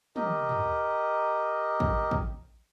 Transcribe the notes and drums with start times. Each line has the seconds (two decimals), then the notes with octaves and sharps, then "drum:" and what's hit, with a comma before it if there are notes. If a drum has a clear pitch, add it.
0.16 G4 A#4 D#5, drum: tom
0.49 drum: tom
1.80 drum: kick
2.11 drum: kick